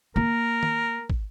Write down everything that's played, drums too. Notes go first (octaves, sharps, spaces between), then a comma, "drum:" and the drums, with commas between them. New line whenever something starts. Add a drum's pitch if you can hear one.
A#3 A#4
drum: tom D#3
drum: kick